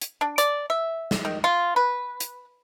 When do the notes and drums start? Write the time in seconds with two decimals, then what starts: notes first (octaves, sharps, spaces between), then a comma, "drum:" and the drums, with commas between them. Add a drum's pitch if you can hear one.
0.02 drum: hi-hat
0.21 D4
0.38 D5, drum: hi-hat
0.70 E5
1.11 drum: snare
1.25 D#3
1.44 F4
1.76 B4
2.20 drum: hi-hat